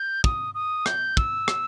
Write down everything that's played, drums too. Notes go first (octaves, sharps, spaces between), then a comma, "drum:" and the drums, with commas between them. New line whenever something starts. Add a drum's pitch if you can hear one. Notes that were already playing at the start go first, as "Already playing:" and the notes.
Already playing: G6
D#6, drum: kick
D#6
G6, drum: rim click
E6, drum: kick
drum: rim click